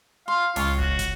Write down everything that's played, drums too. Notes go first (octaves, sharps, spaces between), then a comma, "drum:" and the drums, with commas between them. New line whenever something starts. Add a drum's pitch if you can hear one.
F5 C6
C#2 F4 C#5, drum: open hi-hat
F#4, drum: kick
drum: kick, hi-hat